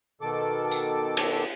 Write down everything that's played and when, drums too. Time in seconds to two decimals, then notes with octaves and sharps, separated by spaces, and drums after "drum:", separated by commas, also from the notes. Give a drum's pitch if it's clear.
0.21 B2 D#3 A4 D6
0.71 drum: tambourine
1.17 drum: cymbal